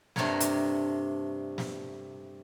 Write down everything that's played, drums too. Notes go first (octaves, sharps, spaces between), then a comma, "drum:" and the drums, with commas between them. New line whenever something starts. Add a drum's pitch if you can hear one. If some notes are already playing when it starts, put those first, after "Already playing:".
G2 C3 A3 D4 A#4 C#5, drum: snare
drum: hi-hat
drum: snare